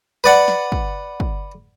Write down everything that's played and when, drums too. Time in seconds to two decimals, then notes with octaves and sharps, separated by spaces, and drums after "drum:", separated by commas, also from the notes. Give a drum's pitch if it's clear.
0.24 B4 D5 F#5
0.48 drum: snare
0.72 drum: kick
1.20 drum: kick